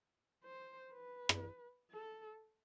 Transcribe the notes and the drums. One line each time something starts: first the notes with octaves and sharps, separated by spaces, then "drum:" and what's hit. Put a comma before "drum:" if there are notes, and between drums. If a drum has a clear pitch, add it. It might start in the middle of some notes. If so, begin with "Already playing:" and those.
C5
B4
drum: rim click
A4